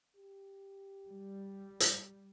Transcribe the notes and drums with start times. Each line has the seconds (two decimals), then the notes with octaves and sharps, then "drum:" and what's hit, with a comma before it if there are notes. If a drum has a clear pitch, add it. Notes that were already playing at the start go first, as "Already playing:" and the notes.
0.16 G4
1.08 G3
1.80 drum: hi-hat